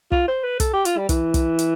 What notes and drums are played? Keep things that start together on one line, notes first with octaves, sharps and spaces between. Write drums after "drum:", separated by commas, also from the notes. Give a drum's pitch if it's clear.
F4, drum: kick
C5
B4
A4, drum: kick, hi-hat
G4
F4, drum: hi-hat
G3
E3, drum: kick, hi-hat
drum: kick, hi-hat
drum: hi-hat